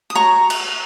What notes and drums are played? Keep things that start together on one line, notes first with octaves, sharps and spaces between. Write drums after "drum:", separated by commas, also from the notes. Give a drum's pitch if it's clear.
D#6
F#4 C#5 A#5 C#6
drum: cymbal